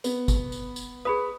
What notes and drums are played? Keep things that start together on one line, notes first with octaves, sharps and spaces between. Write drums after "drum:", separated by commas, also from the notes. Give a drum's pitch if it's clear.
B3, drum: tambourine
drum: kick G#1, tambourine
drum: tambourine
drum: tambourine
G#4 B4 B5 D#6